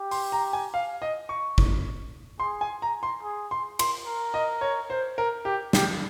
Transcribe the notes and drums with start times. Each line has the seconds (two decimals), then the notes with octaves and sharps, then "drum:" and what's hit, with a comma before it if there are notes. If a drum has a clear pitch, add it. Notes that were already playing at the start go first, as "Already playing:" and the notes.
Already playing: G4
0.11 C6, drum: open hi-hat
0.32 A#5
0.53 G#5
0.74 F5
1.02 D#5
1.29 C#6
1.58 drum: kick
2.40 G#4 C6
2.61 G#5
2.82 A#5
3.03 C6
3.23 G#4
3.51 C6
3.79 C6, drum: cymbal
4.06 A#4
4.34 D#5
4.61 C#5
4.90 C5
5.18 A#4
5.45 G4
5.73 G4, drum: snare